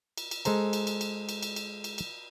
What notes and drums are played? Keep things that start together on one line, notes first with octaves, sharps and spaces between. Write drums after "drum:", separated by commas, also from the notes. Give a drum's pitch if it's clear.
drum: cymbal
drum: cymbal
G#3 A4 C5 A#5, drum: cymbal
drum: cymbal
drum: cymbal
drum: cymbal
drum: cymbal
drum: cymbal
drum: cymbal
drum: cymbal
drum: cymbal